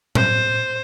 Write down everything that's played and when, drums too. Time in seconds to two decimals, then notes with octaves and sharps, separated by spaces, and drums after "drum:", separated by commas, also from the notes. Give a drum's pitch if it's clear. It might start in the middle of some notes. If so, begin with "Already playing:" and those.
0.15 C5, drum: tom A2